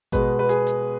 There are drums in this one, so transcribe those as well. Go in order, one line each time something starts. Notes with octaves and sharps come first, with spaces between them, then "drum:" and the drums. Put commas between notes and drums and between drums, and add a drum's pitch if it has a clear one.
B2 G#3 B3 B4, drum: kick A1, hi-hat
B4
G#4, drum: hi-hat
drum: hi-hat